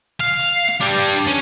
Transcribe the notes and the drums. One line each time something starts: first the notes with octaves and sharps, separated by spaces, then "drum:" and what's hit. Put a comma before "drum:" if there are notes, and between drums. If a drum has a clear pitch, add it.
F5
drum: hi-hat
drum: snare
D4 G4
drum: hi-hat
C#4, drum: hi-hat